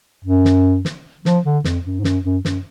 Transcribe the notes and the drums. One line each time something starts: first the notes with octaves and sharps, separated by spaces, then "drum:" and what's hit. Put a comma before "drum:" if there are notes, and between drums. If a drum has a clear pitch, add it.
F#2
drum: snare
drum: snare
F3, drum: snare
D3
F2, drum: snare
F#2
G#2
F#2, drum: snare
F#2
F#2, drum: snare